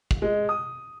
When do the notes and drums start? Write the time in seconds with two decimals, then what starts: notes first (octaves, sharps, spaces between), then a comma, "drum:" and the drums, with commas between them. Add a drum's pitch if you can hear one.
0.11 drum: kick
0.22 G#3
0.49 D#6